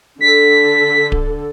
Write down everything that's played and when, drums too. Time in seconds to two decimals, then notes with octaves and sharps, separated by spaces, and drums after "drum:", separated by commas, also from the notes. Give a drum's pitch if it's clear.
0.21 D3 A4 B6
1.12 drum: kick D1